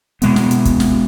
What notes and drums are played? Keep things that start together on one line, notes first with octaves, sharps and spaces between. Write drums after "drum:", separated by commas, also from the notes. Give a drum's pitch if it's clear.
B2 G#3 B3, drum: hi-hat
drum: snare
drum: hi-hat
drum: kick, hi-hat
drum: snare